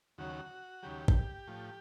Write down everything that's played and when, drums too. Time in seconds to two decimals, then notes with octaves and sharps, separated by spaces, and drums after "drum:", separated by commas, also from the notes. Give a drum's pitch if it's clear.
0.18 D#2 C#3 F#3 F#4
0.83 D#2 C#3 F#3 G4
1.08 drum: kick
1.47 A2 F3